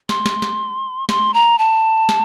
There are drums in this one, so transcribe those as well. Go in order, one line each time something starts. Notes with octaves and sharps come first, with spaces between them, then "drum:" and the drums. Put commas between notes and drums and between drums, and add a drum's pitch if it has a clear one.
C6, drum: snare
drum: snare
drum: snare
C6, drum: snare
A#5
A5
drum: snare